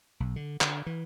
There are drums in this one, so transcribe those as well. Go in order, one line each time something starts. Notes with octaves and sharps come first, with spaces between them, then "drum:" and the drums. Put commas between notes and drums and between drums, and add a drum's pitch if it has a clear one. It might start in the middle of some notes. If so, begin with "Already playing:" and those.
B1
D3
D3, drum: clap
E3